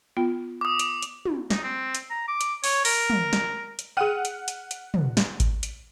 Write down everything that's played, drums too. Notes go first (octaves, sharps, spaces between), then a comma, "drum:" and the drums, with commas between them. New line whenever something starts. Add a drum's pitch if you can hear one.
B3 F4 G5
D6 D#6
drum: hi-hat
drum: hi-hat
drum: tom
D#4, drum: snare
C4
drum: hi-hat
A#5
D6
drum: hi-hat
C#5, drum: open hi-hat
A#4, drum: open hi-hat
drum: tom
drum: snare
drum: hi-hat
G#4 F#5 G5 F6 D#7
drum: hi-hat
drum: hi-hat
drum: hi-hat
drum: tom
drum: snare
drum: kick G#1, hi-hat
drum: hi-hat